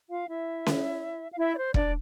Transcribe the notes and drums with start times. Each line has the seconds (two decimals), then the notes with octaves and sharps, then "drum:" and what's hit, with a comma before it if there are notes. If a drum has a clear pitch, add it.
0.09 F4 F5
0.28 E4 E5
0.66 drum: snare C#4
1.31 F5
1.38 E4 E5
1.51 D5
1.57 C5
1.74 D4 D5, drum: kick E1